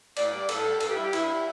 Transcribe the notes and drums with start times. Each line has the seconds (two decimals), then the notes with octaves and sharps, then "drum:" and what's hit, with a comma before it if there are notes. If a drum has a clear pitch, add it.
0.17 A2 D5, drum: cymbal
0.33 G3
0.49 A2 A4, drum: cymbal
0.65 G3
0.80 G2 A4, drum: cymbal
0.88 G4
0.96 G3 E4
1.03 G4
1.13 G2 E4, drum: cymbal
1.29 G3